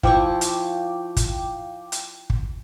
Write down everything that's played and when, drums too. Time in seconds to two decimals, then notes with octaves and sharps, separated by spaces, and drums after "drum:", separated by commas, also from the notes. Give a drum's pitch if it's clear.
0.03 F3 E4 F5 G5 C#6 D6, drum: kick
0.41 drum: hi-hat
1.17 drum: kick, hi-hat
1.92 drum: hi-hat
2.30 drum: kick